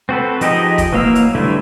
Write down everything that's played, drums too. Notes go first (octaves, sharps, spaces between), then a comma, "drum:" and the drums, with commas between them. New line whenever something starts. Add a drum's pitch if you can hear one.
C4 F#4 A4 B4
F3 D#4 G4 G#4 D#5, drum: hi-hat
drum: kick, hi-hat
E3 F#3 A#3 F5 E6
drum: hi-hat
D3 E3 G3 A3 E4